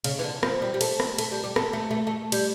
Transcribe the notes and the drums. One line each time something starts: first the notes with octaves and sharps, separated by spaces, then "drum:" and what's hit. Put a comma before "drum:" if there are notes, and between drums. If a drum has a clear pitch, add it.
C#3, drum: cymbal
E3
D3
F3, drum: rim click
G3
G3
A3, drum: cymbal
drum: rim click
A3, drum: cymbal
G3
G3
A3, drum: rim click
A3
A3
A3
G3, drum: cymbal